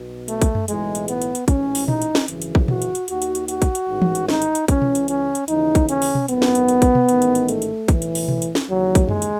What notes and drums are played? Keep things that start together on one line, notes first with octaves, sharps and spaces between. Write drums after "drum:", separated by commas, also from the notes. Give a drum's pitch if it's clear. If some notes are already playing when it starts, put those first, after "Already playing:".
Already playing: B1 B2
A3, drum: hi-hat
drum: kick, hi-hat
drum: tom F#2
B1 A2 E3 G#3, drum: hi-hat
drum: hi-hat
B3, drum: hi-hat
drum: hi-hat
drum: hi-hat
A1 G#2 E3 C#4, drum: kick, hi-hat
drum: open hi-hat
D#4, drum: tom A#2
drum: hi-hat
drum: snare
G#1 F#2 C#3 E3, drum: hi-hat
drum: hi-hat
drum: kick
F#4, drum: tom A#2
drum: hi-hat
drum: hi-hat
D#2 D#3 F#4, drum: hi-hat
drum: hi-hat
drum: hi-hat
F#4, drum: hi-hat
drum: kick, hi-hat
drum: hi-hat
A1 G#2 D#3
drum: tom
drum: hi-hat
D#4, drum: snare
drum: hi-hat
drum: hi-hat
C#2 C#3 E3 C#4, drum: kick, hi-hat
drum: tom B2
drum: hi-hat
C#4, drum: hi-hat
drum: hi-hat
D#2 C#3 E3 D#4, drum: hi-hat
drum: kick, hi-hat
C#4, drum: hi-hat
drum: open hi-hat
drum: tom B2
G#1 F#2 D#3 B3, drum: hi-hat
drum: snare
drum: hi-hat
drum: hi-hat
drum: kick, hi-hat
drum: tom B2
A1 G#2 D#3, drum: hi-hat
drum: hi-hat
drum: hi-hat
A3, drum: hi-hat
drum: hi-hat
B1 A2 E3, drum: kick, hi-hat
drum: hi-hat
drum: open hi-hat
drum: tom B2
drum: hi-hat
drum: snare
D#2 C#3 E3 F#3
drum: kick, hi-hat
G#3, drum: tom F#2
drum: hi-hat